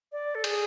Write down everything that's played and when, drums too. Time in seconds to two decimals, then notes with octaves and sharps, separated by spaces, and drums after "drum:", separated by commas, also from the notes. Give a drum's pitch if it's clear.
0.12 D5
0.35 A4
0.44 G#4, drum: cymbal